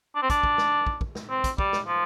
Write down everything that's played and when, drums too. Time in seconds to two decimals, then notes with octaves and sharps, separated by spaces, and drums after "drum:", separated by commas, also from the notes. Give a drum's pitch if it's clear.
0.15 D4
0.22 C4
0.30 D4, drum: kick, hi-hat
0.43 drum: kick
0.58 drum: snare
0.87 drum: kick
1.01 drum: kick
1.15 drum: snare
1.30 C4
1.44 drum: kick, hi-hat
1.58 G3, drum: kick
1.73 drum: snare
1.87 F3